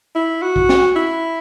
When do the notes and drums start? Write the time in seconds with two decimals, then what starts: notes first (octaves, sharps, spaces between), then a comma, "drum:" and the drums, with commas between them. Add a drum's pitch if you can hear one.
0.16 E4
0.43 F#4
0.56 drum: kick A#1
0.69 drum: snare
0.96 E4